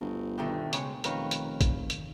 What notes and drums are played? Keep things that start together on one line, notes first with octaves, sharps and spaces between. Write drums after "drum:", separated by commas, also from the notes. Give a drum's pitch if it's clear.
G1 D2
B2 D3 D#3 A3 G5
C#3 G#3 C#5, drum: hi-hat
F1 D#3 A#4 B4 C#5 F5 G5, drum: hi-hat
drum: hi-hat
drum: kick, hi-hat
drum: hi-hat